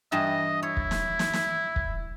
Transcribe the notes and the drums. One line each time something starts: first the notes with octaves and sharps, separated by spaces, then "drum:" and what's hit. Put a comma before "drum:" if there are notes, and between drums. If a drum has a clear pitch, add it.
G2 E3 D#5 A5
E4 C#5
drum: kick
drum: snare
drum: snare
drum: snare
drum: kick